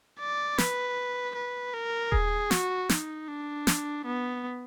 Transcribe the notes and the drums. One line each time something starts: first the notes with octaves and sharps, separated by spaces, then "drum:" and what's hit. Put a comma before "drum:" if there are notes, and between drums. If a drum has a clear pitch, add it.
D5
B4, drum: snare
B4
A#4
G#4, drum: kick D#1
F#4, drum: snare
D#4, drum: snare
D4
drum: snare
B3